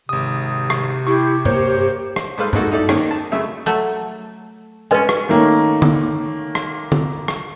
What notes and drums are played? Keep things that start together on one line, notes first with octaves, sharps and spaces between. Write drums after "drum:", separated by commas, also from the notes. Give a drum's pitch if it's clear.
G#1 C3 D#6
drum: rim click
E4 G4 C#6
A#3 C5 C#5, drum: tom G2
drum: rim click
G#2 G#3 A4 B4 C5 F5
F#3 G#3 A#3 D#4 F#4 A4, drum: tom G2
D#4 E4 A4 D5
D#3 A#3 C4 C#4 D#4, drum: rim click
A5
F#2 C#3 A3 E5
F#3 A3
G#3 C#4 B4 D#5 G#5
drum: rim click
D#3 A3 A#3 C#4
drum: tom
drum: rim click
drum: tom
drum: rim click